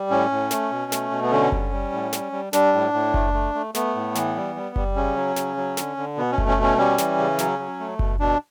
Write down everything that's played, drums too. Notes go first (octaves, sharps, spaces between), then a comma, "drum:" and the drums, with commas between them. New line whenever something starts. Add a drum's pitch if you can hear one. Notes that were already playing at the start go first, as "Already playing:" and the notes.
Already playing: G3
A2 C#4
A2
A3, drum: snare
B2
A3, drum: snare
B2
B3
D3 C#4
G3, drum: kick F#1
G3
A2
G3, drum: snare
G3
G3 D4, drum: snare
A2
A2
A3, drum: kick F#1
A3
A3
A3 B3, drum: snare
A2
E3, drum: snare
G3
G3
G3, drum: kick F#1
C#3 C#4
F#3
C#3, drum: snare
F#3
D3, drum: snare
D3
B2 B3
C#4
A3, drum: kick F#1
C#4
B2
C#4
G3 C#4
E3, drum: snare
C#3
F#3, drum: snare
F#3
A3
B2, drum: kick F#1
B2 D4